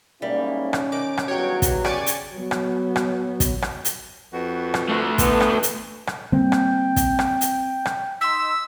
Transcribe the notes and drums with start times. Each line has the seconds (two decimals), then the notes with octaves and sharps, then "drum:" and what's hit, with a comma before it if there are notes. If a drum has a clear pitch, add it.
0.22 G#2 G3 A#3 C#4 E4
0.73 drum: rim click
0.92 D#3 D6
1.17 drum: rim click
1.28 E2 G2 F#3 C#5 G5
1.62 drum: kick, hi-hat
1.85 C#3 G4 D5 G#5 C#6, drum: rim click
2.07 drum: hi-hat
2.35 F#3 B3
2.51 drum: rim click
2.96 drum: rim click
3.40 drum: kick, hi-hat
3.62 drum: rim click
3.85 drum: hi-hat
4.32 F2 F#4 B4
4.74 drum: rim click
4.89 D3 A3
5.18 E3 B3, drum: kick, hi-hat
5.41 drum: rim click
5.63 drum: hi-hat
6.07 drum: rim click
6.32 D3 G3 A#3 C4 G5
6.52 drum: rim click
6.96 drum: kick, hi-hat
7.19 drum: rim click
7.41 drum: hi-hat
7.85 drum: rim click
8.21 D#4 C6 E6 B6